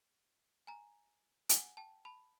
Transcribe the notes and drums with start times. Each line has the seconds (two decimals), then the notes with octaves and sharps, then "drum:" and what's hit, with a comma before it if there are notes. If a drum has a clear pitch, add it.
0.67 G#5 A#5
1.49 F#5 G#5, drum: hi-hat
1.77 G5 A5
2.05 A5 B5